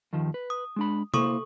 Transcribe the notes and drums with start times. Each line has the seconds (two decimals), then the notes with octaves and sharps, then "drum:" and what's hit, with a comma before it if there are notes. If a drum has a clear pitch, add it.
0.13 D#2 D#3 F3
0.34 B4
0.50 D#6
0.76 G#3 D4 B5
1.14 A#3 E4 A4 C5 C#6 D#6, drum: tom C3